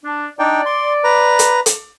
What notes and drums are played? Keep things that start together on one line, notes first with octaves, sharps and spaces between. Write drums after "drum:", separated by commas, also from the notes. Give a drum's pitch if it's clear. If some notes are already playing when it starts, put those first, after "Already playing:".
D4
D4 D#4 D5 G5
C6
B4 A#5
drum: hi-hat
drum: hi-hat